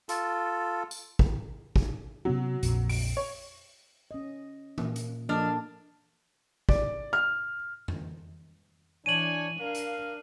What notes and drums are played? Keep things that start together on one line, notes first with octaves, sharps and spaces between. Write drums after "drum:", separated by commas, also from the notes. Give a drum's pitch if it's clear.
F4 A4, drum: hi-hat
drum: tambourine
drum: kick
drum: kick
C3 F#3 B3 C#4
A#1 F2 A#2, drum: hi-hat
D7, drum: open hi-hat
C#5
C#4 D#5
A#2 A#3, drum: tom E3
drum: hi-hat
F3 A#3 D4 A4 D#5 F6
D5, drum: kick
F6
drum: tom F2
E3 D4 C#5 G#5 D#7 F#7
D4 A#4 F5
drum: hi-hat